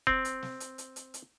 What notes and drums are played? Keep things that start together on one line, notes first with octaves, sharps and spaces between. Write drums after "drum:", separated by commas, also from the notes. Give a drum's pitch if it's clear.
C4, drum: kick F#1
drum: hi-hat
drum: snare
drum: hi-hat
drum: hi-hat
drum: hi-hat
drum: hi-hat